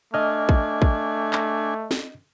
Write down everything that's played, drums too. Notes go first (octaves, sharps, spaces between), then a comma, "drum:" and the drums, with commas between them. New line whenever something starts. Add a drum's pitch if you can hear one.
A3 D4 D#5 G#5 F6
drum: kick
drum: kick
drum: clap
drum: snare